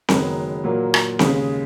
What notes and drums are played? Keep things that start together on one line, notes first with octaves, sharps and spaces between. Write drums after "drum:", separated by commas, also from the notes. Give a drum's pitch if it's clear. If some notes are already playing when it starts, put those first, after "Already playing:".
F#1 F#2 D#3 G#3 B3, drum: snare C4
A#2 F#3 A#3
drum: rim click
D#2 C#3 G#3 C#4 G#4, drum: snare C4